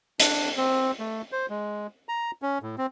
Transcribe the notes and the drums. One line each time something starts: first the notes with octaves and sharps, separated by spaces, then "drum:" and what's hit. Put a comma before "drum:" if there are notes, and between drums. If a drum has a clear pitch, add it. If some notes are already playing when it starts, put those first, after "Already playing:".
D4, drum: hi-hat
C4
A3
C5
G#3
A#5
C#4
A2
C4